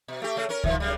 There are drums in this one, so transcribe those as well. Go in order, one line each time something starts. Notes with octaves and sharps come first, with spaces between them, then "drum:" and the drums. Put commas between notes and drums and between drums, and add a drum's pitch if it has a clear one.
B2
A3 G4
C#3 A3 C#4
C#4 A#4
D#3 F3, drum: kick C#2
F#2 C#3 G3